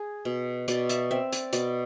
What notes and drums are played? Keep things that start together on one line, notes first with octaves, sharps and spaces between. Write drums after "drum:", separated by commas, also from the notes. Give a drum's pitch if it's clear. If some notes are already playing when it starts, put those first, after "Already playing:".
Already playing: G#4
B2
B2 D5, drum: hi-hat
E5, drum: hi-hat
C4 E5
D5, drum: hi-hat
B2 D5, drum: hi-hat